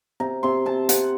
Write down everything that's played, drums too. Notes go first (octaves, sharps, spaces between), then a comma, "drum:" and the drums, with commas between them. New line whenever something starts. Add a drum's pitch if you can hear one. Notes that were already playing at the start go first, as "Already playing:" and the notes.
C3 A#5
C3 C6
C3 A5
C3 F#5, drum: hi-hat